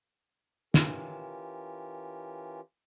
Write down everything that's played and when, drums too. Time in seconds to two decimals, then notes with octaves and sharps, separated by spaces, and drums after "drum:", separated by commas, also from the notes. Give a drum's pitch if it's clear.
0.74 E3 C#4 F4 G4 A#4, drum: snare